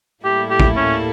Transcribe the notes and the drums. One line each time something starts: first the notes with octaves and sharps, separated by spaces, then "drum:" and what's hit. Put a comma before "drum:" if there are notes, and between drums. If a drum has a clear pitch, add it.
A2 G3 A#3 E4 G4 A4
G4
drum: kick
C#4